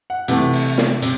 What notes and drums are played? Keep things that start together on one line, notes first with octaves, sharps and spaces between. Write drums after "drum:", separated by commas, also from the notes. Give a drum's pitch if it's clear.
F#5
C3 E3 A3 F#5, drum: hi-hat
drum: open hi-hat
drum: snare
C3, drum: hi-hat